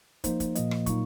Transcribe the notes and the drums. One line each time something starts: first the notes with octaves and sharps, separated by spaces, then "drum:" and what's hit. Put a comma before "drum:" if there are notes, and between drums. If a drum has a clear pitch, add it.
F3 A#3 D#4 C5, drum: kick, hi-hat
drum: kick, hi-hat
A#2 F3 A#3 D#5, drum: hi-hat
drum: rim click
A#2 F#3 A#3 D#4 C#6, drum: kick, hi-hat